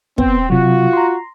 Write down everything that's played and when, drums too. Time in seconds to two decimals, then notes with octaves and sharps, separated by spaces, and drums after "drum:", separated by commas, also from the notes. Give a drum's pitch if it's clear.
0.18 B3 C4, drum: kick
0.50 C3 F#3 F4 F#4
0.93 A#5 C6